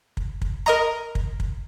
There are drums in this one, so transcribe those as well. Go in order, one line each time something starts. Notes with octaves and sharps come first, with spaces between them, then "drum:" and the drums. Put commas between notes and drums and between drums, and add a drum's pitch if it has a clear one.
drum: kick
drum: kick
A#4 D#5 A#5, drum: rim click
drum: kick
drum: kick